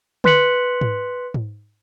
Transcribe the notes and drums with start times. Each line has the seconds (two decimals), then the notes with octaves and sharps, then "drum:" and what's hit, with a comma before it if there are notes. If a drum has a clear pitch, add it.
0.24 B4 C6 F#6 B6 C#7 F#7, drum: tom D3
0.81 drum: tom G#2
1.34 drum: tom G#2